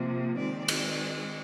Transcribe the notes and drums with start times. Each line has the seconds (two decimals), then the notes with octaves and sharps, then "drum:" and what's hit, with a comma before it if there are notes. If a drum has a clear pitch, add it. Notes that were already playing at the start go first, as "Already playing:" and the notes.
Already playing: C3 F3 A#3
0.36 D#3 G#3 C4 D5
0.68 drum: cymbal